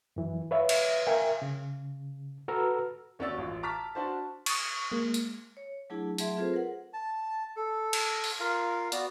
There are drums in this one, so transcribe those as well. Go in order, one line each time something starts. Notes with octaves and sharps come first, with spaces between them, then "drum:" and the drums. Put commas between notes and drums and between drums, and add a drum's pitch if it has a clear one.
F#2 E3
B4 C#5 E5 F5
drum: cymbal
A#4 E5 F5 G5 G#5
C#3
F#4 A4 B4 A#5 E6 F6
D#2 C#4 F#4 D5 E6 A6
A1 F4
A5 A#5 D6 F6 A6 B6
D4 F#4 C5 A5
C#6 D#6, drum: cymbal
G#3 A#3
drum: hi-hat
C#5
F#3 A3 D4 E4 G#4
F#3 A3 G#4 E5 C6, drum: hi-hat
C4 F4 G#4 A4 B4 C5
A#4 F#5
A5
A4
drum: cymbal
drum: open hi-hat
F4 A#4 F5
B3 F#4 D5, drum: hi-hat